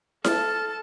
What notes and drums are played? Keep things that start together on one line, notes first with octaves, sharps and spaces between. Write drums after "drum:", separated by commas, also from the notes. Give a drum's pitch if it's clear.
A4 A5 F6, drum: snare E4